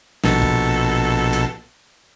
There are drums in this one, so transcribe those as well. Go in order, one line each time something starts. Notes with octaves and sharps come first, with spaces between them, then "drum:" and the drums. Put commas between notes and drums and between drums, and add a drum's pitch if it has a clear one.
A#1 B2 A4, drum: snare
drum: kick A#1
drum: hi-hat